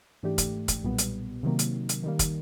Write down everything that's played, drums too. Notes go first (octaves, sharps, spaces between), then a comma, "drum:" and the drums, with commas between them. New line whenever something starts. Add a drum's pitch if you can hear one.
G#2 E3 A3 D4 G4
drum: kick, hi-hat
drum: kick, hi-hat
B1 A#2 G3 B3
drum: hi-hat
C3 D#3 F#3 A#3
drum: hi-hat
drum: hi-hat
D#3 G3 A#3
drum: kick, hi-hat